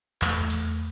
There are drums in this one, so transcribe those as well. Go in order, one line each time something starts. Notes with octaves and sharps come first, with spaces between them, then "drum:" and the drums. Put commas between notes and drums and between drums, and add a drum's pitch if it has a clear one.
E2 A3, drum: clap
drum: hi-hat